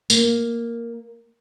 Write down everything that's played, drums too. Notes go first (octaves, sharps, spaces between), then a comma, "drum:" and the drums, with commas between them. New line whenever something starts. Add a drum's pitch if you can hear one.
A#3, drum: tambourine